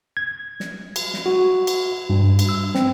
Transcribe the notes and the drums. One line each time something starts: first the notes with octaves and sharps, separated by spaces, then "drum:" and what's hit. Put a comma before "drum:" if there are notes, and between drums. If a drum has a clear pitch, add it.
G#6
drum: snare
drum: cymbal
drum: snare
F#4
drum: cymbal
G2
drum: cymbal
E6
C4, drum: snare